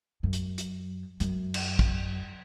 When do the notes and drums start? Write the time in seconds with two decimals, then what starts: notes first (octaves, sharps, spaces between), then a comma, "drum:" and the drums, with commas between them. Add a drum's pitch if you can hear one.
0.23 F#2
0.33 drum: hi-hat
0.58 drum: hi-hat
1.20 F#2, drum: hi-hat
1.54 drum: cymbal
1.79 drum: kick